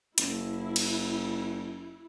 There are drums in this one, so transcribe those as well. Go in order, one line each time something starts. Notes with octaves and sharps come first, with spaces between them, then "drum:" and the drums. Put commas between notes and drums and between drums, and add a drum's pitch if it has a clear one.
F#1 E4, drum: hi-hat
drum: cymbal